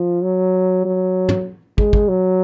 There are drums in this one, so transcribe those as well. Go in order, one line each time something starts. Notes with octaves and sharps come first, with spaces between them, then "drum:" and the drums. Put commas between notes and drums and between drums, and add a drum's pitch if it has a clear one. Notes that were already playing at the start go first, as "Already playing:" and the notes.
Already playing: F3
F#3
F#3
drum: tom
G#3, drum: kick
drum: kick
F#3